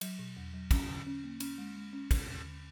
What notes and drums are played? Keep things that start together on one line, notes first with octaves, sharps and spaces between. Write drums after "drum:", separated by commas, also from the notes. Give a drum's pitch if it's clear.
F#3, drum: cymbal
B2
E2
F#3
C#4, drum: kick, cymbal
D3
C#4
A#3
C#4, drum: cymbal
G#3
G#3
C#4
D3, drum: kick, cymbal
D#2
D3